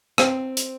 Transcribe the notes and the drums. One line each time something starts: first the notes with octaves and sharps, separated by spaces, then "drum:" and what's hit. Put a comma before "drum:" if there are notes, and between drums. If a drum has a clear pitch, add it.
C4, drum: rim click
drum: hi-hat